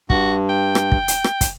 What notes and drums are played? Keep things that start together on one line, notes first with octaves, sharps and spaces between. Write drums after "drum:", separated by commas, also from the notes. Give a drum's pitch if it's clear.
G2 F#4, drum: kick
G5
drum: rim click
drum: kick
drum: hi-hat
drum: rim click
drum: kick, hi-hat